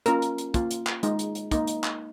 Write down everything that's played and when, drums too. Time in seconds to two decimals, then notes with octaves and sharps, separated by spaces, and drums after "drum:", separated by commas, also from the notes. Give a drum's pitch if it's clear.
0.06 A#3 C#4 F4 A#4, drum: hi-hat
0.22 drum: hi-hat
0.38 drum: hi-hat
0.54 A#3 F4, drum: kick, hi-hat
0.71 drum: hi-hat
0.87 drum: clap
1.03 G#3 D#4, drum: hi-hat
1.19 drum: hi-hat
1.35 drum: hi-hat
1.51 A#3 D#4, drum: kick, hi-hat
1.67 drum: hi-hat
1.84 drum: clap